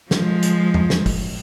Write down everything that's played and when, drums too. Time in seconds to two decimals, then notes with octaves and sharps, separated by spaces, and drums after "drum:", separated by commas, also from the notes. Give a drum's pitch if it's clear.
0.11 F3 G#3, drum: snare
0.43 drum: hi-hat
0.74 drum: tom E2
0.90 drum: snare
1.06 drum: kick, open hi-hat